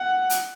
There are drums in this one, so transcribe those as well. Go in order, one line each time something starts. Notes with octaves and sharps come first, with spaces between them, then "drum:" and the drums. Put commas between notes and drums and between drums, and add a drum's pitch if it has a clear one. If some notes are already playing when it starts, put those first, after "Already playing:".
Already playing: F#5
drum: hi-hat